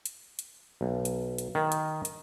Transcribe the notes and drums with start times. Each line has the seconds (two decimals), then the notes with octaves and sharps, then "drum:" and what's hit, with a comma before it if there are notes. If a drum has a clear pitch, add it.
0.05 drum: hi-hat
0.39 drum: hi-hat
0.81 B1
1.05 drum: hi-hat
1.38 drum: hi-hat
1.55 D#3
1.72 drum: hi-hat
2.05 drum: hi-hat